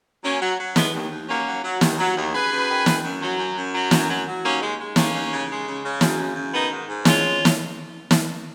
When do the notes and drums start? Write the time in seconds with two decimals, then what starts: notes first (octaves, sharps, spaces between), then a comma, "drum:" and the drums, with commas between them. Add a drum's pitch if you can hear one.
0.23 F#3 A#3 C#4
0.41 F#3
0.58 F#3
0.76 D#2 G#3 B3, drum: snare
0.93 D#2
1.11 D#2
1.28 F#3 A#3 C#4
1.46 F#3
1.64 F#3
1.81 D#2, drum: snare
1.99 F#3
2.16 D#2
2.33 F#2 G#4 B4
2.51 F#2
2.68 D#3
2.86 F#2, drum: snare
3.03 F#2
3.21 F#3
3.38 F#2
3.56 F#2
3.73 F#3
3.91 F#2, drum: snare
4.08 F#3
4.26 F#3
4.43 D#2 A#3 C#4
4.61 G#3
4.78 G#3
4.96 D#2 A#3 C#4, drum: snare
5.13 D#2
5.31 C#3
5.49 G#3
5.66 C#3
5.83 C#3
6.01 F#2, drum: snare
6.18 C#3
6.36 F#2
6.53 D#3 B3 D#4
6.71 G#2
6.88 G#2
7.05 G#3 C#4 F4, drum: snare
7.45 drum: snare
8.11 drum: snare